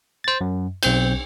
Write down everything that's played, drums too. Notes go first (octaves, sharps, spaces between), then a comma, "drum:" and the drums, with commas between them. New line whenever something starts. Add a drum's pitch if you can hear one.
C5 A6
F#2
B1 C4 G6, drum: cymbal